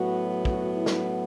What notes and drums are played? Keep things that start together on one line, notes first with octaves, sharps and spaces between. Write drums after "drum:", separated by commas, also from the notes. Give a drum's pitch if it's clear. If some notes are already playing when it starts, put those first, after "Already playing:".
Already playing: A2 F#3 B3 F#4
F#4, drum: kick
E4
drum: snare